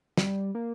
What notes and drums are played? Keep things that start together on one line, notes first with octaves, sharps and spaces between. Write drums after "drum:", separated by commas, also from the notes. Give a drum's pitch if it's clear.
G3, drum: snare
A#3